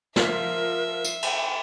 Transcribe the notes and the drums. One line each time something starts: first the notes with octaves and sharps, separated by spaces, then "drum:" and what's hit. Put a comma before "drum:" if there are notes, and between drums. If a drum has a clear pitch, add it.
F3 F4 A#4 E5 B6, drum: snare
drum: tambourine
drum: cymbal